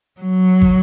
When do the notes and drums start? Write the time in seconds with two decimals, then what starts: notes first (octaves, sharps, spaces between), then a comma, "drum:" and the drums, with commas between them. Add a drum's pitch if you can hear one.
0.20 F#3
0.62 drum: kick